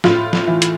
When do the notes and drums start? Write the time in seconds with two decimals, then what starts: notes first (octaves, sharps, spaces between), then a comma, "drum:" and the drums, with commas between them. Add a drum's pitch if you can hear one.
0.04 A2 F4, drum: snare
0.33 drum: snare
0.47 E3
0.62 drum: hi-hat